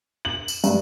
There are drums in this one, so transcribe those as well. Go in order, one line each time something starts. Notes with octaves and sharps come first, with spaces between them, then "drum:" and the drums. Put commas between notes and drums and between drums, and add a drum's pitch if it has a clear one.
F#7
drum: tambourine
G2, drum: tambourine